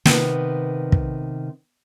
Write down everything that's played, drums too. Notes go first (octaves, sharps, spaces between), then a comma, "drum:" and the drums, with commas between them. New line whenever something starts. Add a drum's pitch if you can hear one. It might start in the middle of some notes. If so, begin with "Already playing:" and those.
C3 D#3 B3, drum: snare
drum: kick